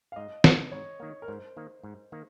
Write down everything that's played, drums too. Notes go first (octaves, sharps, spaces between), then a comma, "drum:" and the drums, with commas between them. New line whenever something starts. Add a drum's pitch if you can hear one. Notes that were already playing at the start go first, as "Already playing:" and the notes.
F5
G#2 D#5
D#3 A#3, drum: snare
G#2 C#5
D#3 A#3
A#4
G#2 C5
D#3 A#3
G#2
D#3 A#3